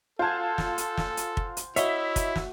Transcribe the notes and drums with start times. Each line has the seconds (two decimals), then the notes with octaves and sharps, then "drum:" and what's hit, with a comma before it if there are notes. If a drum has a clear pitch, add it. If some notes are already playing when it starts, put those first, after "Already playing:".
0.19 F4 A4 C5 F#5 G#5 A5
0.58 drum: snare
0.78 drum: hi-hat
0.97 drum: snare
1.17 drum: hi-hat
1.37 drum: kick
1.57 drum: hi-hat
1.76 E4 F#4 C#5 D#5 E5, drum: hi-hat
2.16 drum: kick, hi-hat
2.36 drum: snare